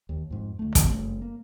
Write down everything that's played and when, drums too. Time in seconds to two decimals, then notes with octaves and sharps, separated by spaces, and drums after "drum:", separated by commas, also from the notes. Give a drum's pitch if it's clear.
0.09 D#2
0.31 F2 G#2
0.59 D2 A3
0.75 B2 D#3 B3, drum: kick, hi-hat
0.89 F#1 G2 C#3 A3
1.22 A#3